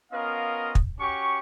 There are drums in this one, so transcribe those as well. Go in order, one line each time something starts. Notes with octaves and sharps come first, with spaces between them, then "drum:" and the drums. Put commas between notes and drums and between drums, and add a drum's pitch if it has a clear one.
B3 C#4 F4 A#4 D#5 F5
drum: kick
C#4 F#4 G4 C#6